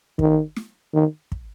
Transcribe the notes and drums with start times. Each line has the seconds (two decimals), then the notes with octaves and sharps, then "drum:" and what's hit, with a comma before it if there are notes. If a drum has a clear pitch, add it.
0.19 D#3, drum: kick
0.56 drum: snare
0.94 D#3
1.32 drum: kick